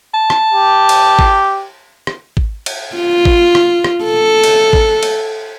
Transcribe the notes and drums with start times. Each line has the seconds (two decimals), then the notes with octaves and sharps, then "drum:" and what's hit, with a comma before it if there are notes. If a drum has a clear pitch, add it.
0.14 A5
0.30 drum: rim click
0.53 G4
0.89 drum: cymbal
1.19 drum: kick
2.07 drum: rim click
2.37 drum: kick
2.66 drum: cymbal
2.96 F4
3.25 drum: kick
3.55 drum: rim click
3.84 drum: rim click
4.04 A4
4.44 drum: cymbal
4.73 drum: kick
5.03 drum: cymbal